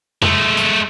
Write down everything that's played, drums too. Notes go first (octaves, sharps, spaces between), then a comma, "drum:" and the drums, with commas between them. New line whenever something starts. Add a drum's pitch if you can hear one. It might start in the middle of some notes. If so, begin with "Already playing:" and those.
G#3 A3, drum: tom F2
drum: hi-hat